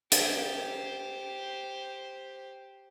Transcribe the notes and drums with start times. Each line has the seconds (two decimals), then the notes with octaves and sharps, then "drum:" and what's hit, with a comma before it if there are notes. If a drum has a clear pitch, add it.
0.12 G4 C5, drum: hi-hat